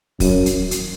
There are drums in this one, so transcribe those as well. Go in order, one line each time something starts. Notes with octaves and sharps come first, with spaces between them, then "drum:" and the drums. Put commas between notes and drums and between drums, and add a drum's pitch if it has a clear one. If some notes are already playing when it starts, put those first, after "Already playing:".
F#2, drum: kick, open hi-hat
drum: hi-hat
drum: hi-hat